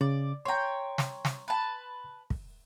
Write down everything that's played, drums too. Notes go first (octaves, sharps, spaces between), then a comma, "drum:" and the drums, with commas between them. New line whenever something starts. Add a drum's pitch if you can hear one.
C#3 D5
C#5 G5 A#5 C6
drum: snare
drum: snare
B4 A5
drum: kick